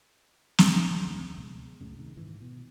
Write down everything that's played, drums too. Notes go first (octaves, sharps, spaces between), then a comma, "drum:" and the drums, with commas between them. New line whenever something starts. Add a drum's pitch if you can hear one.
drum: snare
F1 D2 C#3
C#2 B2 G#3
C2 F#2 A2 C#3
C3 D#3
G#2 D#3 E3
B2